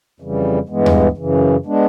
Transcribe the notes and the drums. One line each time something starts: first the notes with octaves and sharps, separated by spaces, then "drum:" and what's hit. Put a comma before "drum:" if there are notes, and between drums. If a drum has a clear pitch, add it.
F2 C#3 E3 G3
G2 E3 G#3 B3
drum: tom D#2
F#2 C#3 E3
G#3 B3 D4